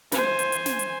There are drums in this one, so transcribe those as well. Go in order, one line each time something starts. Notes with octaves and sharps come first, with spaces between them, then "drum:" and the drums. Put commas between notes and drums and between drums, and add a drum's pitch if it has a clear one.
C5 G#5, drum: snare
drum: hi-hat
drum: hi-hat
drum: snare
drum: hi-hat